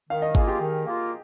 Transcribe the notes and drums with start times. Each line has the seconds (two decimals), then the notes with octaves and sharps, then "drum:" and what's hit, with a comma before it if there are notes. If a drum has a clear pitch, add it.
0.09 D#3 F5
0.22 D#5
0.35 A#3 F4 G#4, drum: kick G#1
0.48 G4
0.60 D#3
0.85 A#3 F4